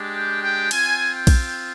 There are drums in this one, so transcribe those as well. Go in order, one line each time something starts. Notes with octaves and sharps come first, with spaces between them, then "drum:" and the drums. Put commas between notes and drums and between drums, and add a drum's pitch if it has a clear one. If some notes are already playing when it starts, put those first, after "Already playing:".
Already playing: G#3 D4 G4
G5
G5
C4 F4 G#5, drum: cymbal
G5
drum: kick A#1, cymbal